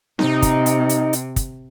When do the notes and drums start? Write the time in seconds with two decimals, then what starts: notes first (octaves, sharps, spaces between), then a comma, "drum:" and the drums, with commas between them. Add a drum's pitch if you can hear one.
0.19 C3 D#4, drum: snare C4
0.42 drum: kick, hi-hat
0.66 drum: hi-hat
0.89 drum: hi-hat
1.13 drum: hi-hat
1.36 drum: kick, hi-hat